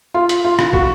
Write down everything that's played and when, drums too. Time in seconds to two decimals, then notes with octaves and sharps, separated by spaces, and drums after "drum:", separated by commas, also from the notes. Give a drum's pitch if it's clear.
0.14 F4
0.29 drum: hi-hat
0.45 F4
0.59 drum: rim click
0.73 F#4, drum: kick